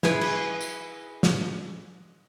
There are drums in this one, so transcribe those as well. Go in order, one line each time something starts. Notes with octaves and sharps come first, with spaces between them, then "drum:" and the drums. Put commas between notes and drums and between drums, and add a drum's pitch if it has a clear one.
E4 G#4 B4, drum: snare
drum: cymbal
drum: tambourine
drum: snare